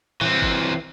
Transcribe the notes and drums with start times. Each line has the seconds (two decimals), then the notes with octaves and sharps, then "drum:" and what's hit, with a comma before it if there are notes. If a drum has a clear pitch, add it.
0.21 E3 C4, drum: tom A2
0.42 drum: kick G1